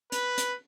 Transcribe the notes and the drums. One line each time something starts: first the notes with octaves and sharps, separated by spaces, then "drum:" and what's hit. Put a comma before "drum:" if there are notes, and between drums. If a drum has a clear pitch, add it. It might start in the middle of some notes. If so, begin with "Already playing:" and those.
B4, drum: hi-hat
drum: hi-hat